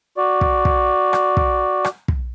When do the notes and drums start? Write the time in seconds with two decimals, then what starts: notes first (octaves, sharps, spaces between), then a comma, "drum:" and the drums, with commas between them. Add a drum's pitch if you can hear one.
0.17 F#4 D5
0.41 drum: kick
0.65 drum: kick
1.13 drum: rim click
1.37 drum: kick
1.84 drum: rim click
2.08 drum: kick